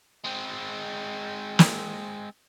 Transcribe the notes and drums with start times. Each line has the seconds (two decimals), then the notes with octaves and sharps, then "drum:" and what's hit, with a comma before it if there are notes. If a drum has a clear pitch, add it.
0.24 G#3 C4
1.59 drum: snare